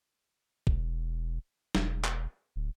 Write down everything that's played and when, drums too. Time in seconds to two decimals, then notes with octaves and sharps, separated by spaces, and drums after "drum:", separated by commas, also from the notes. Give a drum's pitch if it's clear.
0.67 E1, drum: kick
1.75 E1, drum: snare
2.04 drum: clap
2.56 D1